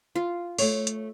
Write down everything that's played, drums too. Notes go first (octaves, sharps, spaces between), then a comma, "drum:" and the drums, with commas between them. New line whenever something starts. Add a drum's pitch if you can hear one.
F4
A3 C#5, drum: open hi-hat
drum: hi-hat